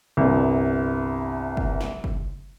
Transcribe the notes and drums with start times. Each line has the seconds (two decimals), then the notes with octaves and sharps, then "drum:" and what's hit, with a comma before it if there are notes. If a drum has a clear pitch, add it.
0.17 G1 C2
1.57 drum: kick
1.81 drum: snare
2.04 drum: kick